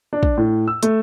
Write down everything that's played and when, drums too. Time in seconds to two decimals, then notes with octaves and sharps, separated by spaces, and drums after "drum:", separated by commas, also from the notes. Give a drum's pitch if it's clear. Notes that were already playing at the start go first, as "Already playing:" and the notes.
0.13 D4
0.23 drum: kick
0.37 A2
0.68 E6
0.83 A3, drum: hi-hat